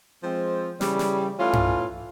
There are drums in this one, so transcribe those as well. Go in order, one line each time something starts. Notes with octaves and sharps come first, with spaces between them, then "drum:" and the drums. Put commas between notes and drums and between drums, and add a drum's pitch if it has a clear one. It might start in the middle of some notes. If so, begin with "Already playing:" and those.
F3 G#3 C4
C#3 E3 G3, drum: snare
drum: snare
E3 A3 C#4 F4
drum: tom G2